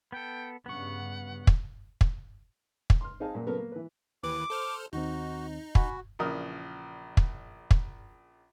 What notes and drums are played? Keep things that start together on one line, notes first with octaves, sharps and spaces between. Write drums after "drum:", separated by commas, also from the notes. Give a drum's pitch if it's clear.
B3 A4 G5
G2 C#3 B3 F#5 C#6
drum: kick
drum: kick
drum: kick
C6 F6
C4 D#4 G#4 F5 A5
F#2 A#2
C#3 F#3 B3 A4 A#4
A#3
E3 B4
D#2 E3 B4 D6
A4 C5 F6
D#2 D#3 C4 D#4 F#4
F#4 F#5 G#5 B5, drum: kick
A#1 C#3 E3 A#4 D5 D#6
drum: kick
drum: kick